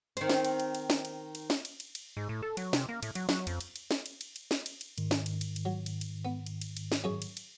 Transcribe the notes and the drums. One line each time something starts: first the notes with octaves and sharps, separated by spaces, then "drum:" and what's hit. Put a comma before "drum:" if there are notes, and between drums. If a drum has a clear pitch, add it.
D#3 C4, drum: cymbal
drum: snare
drum: cymbal
drum: cymbal
drum: cymbal
drum: snare
drum: cymbal
drum: cymbal
drum: snare
drum: cymbal
drum: cymbal
drum: cymbal
G#2
A2
A4
F#3, drum: cymbal
C3, drum: snare
A#3
A2, drum: cymbal
F#3, drum: cymbal
F#3, drum: snare
F2, drum: cymbal
drum: cymbal
drum: cymbal
drum: snare
drum: cymbal
drum: cymbal
drum: cymbal
drum: snare
drum: cymbal
drum: cymbal
G#2 D#3, drum: cymbal
drum: snare
drum: cymbal
drum: cymbal
drum: cymbal
F#3
drum: cymbal
drum: cymbal
B3
drum: cymbal
drum: cymbal
drum: cymbal
drum: snare
F#2 G#4 C#5
drum: cymbal
drum: cymbal